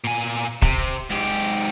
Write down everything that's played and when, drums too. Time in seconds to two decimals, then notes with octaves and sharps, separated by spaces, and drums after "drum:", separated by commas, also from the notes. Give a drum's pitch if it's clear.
0.04 A#2 G#5
0.62 C3, drum: kick
1.10 G#2 G4